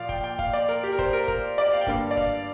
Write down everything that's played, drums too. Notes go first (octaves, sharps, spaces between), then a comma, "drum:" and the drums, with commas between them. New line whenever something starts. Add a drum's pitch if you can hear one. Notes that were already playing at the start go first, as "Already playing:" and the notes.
Already playing: A#2 F3 A#3 D5 F5
G5, drum: kick
G5
F5, drum: kick
D5
A#4
G4
A#4
C5, drum: kick
A#4
A#4, drum: kick
D5
F5
G5
G2 D3 A#3 F5, drum: kick
D5
F5, drum: kick